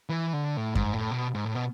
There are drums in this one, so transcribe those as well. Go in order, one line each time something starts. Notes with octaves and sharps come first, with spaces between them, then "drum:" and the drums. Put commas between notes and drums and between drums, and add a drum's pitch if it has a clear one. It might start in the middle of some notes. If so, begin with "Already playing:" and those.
E3
D3
A2
G#2, drum: kick F#2
A2
B2
G#2
A2
B2